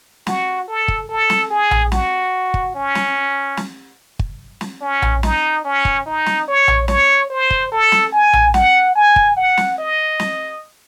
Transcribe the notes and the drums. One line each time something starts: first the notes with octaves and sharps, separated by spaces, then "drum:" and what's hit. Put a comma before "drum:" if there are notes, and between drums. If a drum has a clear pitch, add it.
F#4, drum: snare
A4
drum: kick
A4
drum: snare
G#4
drum: tom A#1
F#4, drum: snare
drum: kick
C#4
drum: snare
drum: snare
drum: kick
drum: snare
C#4
drum: tom A#1
D#4, drum: snare
C#4
drum: kick
D#4
drum: snare
C#5
drum: tom A#1
C#5, drum: snare
C5
drum: kick
A4
drum: snare
G#5
drum: tom A#1
F#5, drum: snare
G#5
drum: kick
F#5
drum: snare
D#5
drum: snare